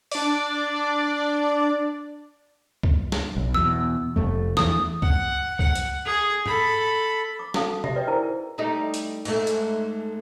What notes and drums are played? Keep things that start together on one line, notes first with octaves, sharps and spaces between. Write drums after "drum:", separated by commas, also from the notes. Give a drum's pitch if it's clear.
D4 D5, drum: open hi-hat
drum: kick C#2
drum: snare
B1
E2 B2 E6
F1 F2 A3
E2 E3 A3 D#6, drum: snare
F#5, drum: kick C#2
F#5, drum: kick C#2
drum: hi-hat
G#4
A4 B5, drum: tom G#2
D6
C#4 F#4 A4 F5 A5 D#6, drum: snare
G4 D#5 E5 C6, drum: tom
B4 D5 D#5 G5
D#4 E4 G#4 A#4 C5 G#5
G3 A3 D#4
drum: hi-hat
G#2 A3, drum: cymbal
drum: hi-hat